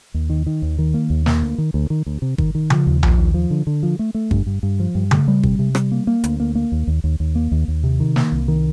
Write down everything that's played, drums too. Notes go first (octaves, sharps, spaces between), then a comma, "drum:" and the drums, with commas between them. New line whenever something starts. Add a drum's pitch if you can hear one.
D#2
D#3
D#3
D#2
D#3
A#3
D#2
A#3, drum: snare
D2
D#3
D2
D#3
D2
C3
D#3, drum: kick
D#3
F3, drum: tom C#3
D#2
F3, drum: tom A#1
D#2
F3
D3
D3
F3
A3
A3
G2, drum: kick
G2
G2
F3
G2
A3, drum: tom C#3
G3
C3, drum: kick
C3
G3, drum: rim click
A#3
A#3
D2, drum: hi-hat
A#3
A#3
D#2
D#2
D#2
D#2
A#3
D#2
D#2
C3
D#3
A#3, drum: snare
C2
D#3